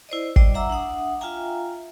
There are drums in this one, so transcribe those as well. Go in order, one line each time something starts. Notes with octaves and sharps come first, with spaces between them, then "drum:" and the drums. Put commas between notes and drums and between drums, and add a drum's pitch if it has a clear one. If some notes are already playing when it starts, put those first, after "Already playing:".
E4 C5 D5 D#5
G3 D5 D#5 G5 D6, drum: kick
E5 F#5 A#5 D6 E6
D4 E5 F#5 D#6
F4 E5 F5 G5 G#5 A#5